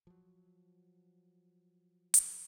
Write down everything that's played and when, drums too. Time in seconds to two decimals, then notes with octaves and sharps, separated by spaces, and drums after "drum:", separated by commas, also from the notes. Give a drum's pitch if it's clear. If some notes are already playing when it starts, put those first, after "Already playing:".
0.07 F3 F#3
2.14 drum: hi-hat